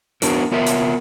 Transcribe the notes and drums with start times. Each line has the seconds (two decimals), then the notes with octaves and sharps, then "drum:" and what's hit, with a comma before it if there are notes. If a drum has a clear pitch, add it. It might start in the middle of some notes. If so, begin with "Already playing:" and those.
0.22 B3 D4 F#4 A#4, drum: hi-hat
0.52 B3 F4 A#4 E5
0.67 drum: hi-hat